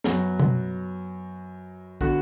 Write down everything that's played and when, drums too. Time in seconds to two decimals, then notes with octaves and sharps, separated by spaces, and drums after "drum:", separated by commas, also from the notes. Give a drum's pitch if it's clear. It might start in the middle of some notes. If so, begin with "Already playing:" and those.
0.04 F#2 F#3 B3, drum: snare
0.39 drum: tom B2
2.01 D3 B3 F#4, drum: kick